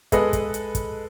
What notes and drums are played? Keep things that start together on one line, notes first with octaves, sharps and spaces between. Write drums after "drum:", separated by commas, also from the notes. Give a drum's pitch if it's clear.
G#3 A4 B4 D#5, drum: kick, hi-hat
drum: kick, hi-hat
drum: hi-hat
drum: kick, hi-hat